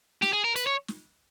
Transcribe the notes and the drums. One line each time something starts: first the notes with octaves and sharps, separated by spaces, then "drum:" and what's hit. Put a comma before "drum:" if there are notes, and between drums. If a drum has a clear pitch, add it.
G4, drum: snare
G#4
A#4
B4, drum: hi-hat
C#5
drum: snare